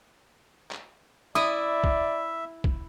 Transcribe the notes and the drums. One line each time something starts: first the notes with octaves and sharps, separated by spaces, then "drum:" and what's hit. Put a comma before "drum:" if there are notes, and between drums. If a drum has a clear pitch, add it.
drum: clap
E4 D5 E5 D#6
drum: kick
drum: kick